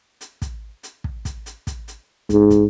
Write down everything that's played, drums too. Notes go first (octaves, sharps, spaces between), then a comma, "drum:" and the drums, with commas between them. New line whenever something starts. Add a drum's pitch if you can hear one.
drum: hi-hat
drum: kick, hi-hat
drum: hi-hat
drum: kick
drum: kick, hi-hat
drum: hi-hat
drum: kick, hi-hat
drum: hi-hat
G#2, drum: kick, hi-hat
drum: kick, hi-hat